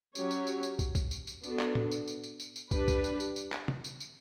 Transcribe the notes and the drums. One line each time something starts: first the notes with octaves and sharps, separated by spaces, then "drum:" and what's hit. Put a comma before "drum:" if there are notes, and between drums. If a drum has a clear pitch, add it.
F#3 C#4 G4 C#5, drum: tambourine
drum: tambourine
drum: tambourine
drum: tambourine
drum: kick, tambourine
drum: kick, tambourine
drum: tambourine
drum: tambourine
B3 D4 F#4 A4, drum: tambourine
drum: clap
drum: tom
drum: tambourine
drum: tambourine
drum: tambourine
drum: tambourine
drum: tambourine
G3 D4 G4 B4, drum: kick, tambourine
drum: kick, tambourine
drum: tambourine
drum: tambourine
drum: tambourine
drum: clap
drum: tom
drum: tambourine
drum: tambourine